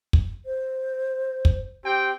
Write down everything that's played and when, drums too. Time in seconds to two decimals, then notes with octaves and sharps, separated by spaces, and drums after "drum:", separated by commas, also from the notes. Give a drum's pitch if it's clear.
0.13 drum: kick
0.46 C5
1.45 drum: kick
1.84 C4 G4 G5